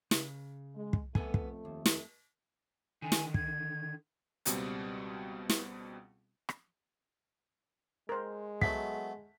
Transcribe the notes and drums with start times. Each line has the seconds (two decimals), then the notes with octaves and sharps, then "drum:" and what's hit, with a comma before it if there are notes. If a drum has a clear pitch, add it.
0.11 C#3, drum: snare
0.76 G#3
0.93 drum: kick
1.15 F2 A3 B3 A4 G#5, drum: kick
1.34 drum: kick
1.65 D#2
1.86 drum: snare
3.02 D3 D#3 G#5
3.12 drum: snare
3.34 G#6, drum: kick
4.45 C#2 B2 G3 C4, drum: hi-hat
5.50 drum: snare
6.49 drum: rim click
8.09 G#3 A#4 C5
8.62 F#3 A3 B3 B6, drum: kick